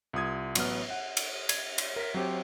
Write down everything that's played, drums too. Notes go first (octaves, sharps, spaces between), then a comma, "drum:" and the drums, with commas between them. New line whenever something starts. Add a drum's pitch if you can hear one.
C2 F4 D#6 G#6
A1 F#3 B3 F6, drum: cymbal
F#5
drum: cymbal
G#6, drum: cymbal
drum: cymbal
A#4 B6
F#3 C4 G4